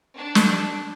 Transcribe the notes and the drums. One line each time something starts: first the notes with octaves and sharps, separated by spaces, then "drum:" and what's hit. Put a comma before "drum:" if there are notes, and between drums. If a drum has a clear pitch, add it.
D4
drum: snare